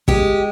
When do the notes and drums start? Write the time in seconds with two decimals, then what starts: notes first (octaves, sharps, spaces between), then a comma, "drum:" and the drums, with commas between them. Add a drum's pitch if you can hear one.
0.08 G#3 G4, drum: kick